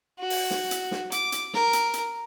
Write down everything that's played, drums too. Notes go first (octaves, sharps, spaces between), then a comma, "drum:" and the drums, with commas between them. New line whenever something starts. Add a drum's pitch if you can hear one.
F#4
drum: open hi-hat
drum: snare
drum: hi-hat
drum: snare
D6, drum: hi-hat
drum: hi-hat
A#4, drum: snare
drum: hi-hat
drum: hi-hat